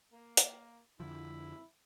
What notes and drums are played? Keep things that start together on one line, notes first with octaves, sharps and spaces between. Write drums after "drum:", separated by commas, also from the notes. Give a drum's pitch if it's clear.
A#3
drum: hi-hat
F2 D3 F3 E4